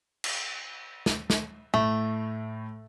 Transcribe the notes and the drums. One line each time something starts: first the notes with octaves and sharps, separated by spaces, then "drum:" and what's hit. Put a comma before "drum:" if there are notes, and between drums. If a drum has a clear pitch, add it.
drum: cymbal
drum: snare
drum: snare
A2 A3